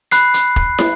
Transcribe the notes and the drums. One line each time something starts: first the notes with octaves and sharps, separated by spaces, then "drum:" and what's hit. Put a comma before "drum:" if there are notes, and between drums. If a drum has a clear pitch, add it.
B5 F#6 C7, drum: hi-hat
drum: hi-hat
drum: kick
drum: snare